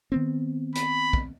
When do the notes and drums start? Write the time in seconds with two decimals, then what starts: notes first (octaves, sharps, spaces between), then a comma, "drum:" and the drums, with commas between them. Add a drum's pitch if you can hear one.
0.12 D#3 B3 C4
0.75 B5, drum: hi-hat
1.13 drum: kick